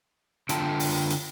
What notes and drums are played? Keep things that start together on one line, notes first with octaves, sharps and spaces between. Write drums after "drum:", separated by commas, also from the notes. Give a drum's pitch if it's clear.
D3 F4 G5 A5, drum: hi-hat
drum: open hi-hat
drum: hi-hat